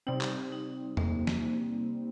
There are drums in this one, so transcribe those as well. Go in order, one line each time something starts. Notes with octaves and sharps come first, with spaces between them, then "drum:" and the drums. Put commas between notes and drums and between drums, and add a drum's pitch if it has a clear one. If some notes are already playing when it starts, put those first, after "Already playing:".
C3 G3 C4 D#4
drum: clap
D#4
A#3, drum: tom E2
drum: snare